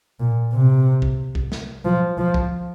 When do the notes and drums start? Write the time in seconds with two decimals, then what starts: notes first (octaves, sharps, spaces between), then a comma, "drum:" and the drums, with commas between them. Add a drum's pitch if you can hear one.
0.20 A#2
0.53 C3
1.02 drum: kick
1.35 drum: kick
1.52 drum: snare
1.85 F3
2.18 F3
2.34 drum: kick